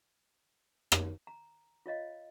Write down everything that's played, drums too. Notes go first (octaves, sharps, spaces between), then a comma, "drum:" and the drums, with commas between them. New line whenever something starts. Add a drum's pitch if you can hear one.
drum: rim click
A#5
F4 C#5 D#5 F5